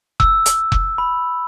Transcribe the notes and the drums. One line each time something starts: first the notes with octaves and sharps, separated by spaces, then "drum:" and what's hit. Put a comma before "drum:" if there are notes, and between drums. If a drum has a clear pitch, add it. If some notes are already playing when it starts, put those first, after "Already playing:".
E6, drum: kick F1
drum: hi-hat
drum: kick F1
B5